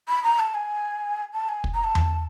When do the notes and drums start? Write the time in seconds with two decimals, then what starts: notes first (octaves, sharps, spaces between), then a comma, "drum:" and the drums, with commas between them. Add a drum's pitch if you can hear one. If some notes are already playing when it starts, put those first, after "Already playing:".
0.09 B5
0.24 A#5
0.39 A5
0.54 G#5
1.33 A5
1.49 G#5
1.64 drum: kick
1.74 A#5
1.84 A5
1.95 drum: tom E2